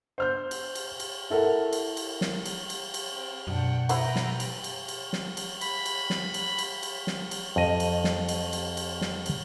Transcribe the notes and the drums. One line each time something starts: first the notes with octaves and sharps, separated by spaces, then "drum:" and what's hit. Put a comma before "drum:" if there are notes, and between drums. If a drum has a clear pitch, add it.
C5 F6 G6
drum: cymbal
drum: cymbal
drum: cymbal
E4 A4 A#4 F#5
drum: cymbal
drum: cymbal
drum: snare
drum: cymbal
drum: cymbal
drum: cymbal
C4
F#2 B2 D4 F#5 G5
E4 B4 C5 F#5 G5 A#5, drum: cymbal
drum: snare
drum: cymbal
drum: cymbal
drum: cymbal
drum: snare
drum: cymbal
B5, drum: cymbal
drum: cymbal
drum: snare
drum: cymbal
drum: cymbal
drum: cymbal
drum: snare
drum: cymbal
F2 D#5
drum: cymbal
drum: snare
drum: cymbal
drum: cymbal
drum: cymbal
drum: snare
drum: cymbal